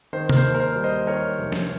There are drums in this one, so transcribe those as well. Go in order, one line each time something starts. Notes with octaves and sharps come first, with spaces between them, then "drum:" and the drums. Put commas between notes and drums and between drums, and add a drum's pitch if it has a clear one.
D#3 C5
A#4, drum: tom C3
C5
D#2
A#4
C5
G3
C5 D#5
D#3 A#4 C#5
F1
drum: snare